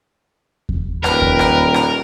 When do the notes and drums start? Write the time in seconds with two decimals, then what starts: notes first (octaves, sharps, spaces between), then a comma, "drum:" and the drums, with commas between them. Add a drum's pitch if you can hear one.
0.69 drum: kick E2
1.04 D#1 A#4 B4 G5 B5, drum: rim click
1.22 drum: kick E2
1.39 drum: rim click
1.74 drum: rim click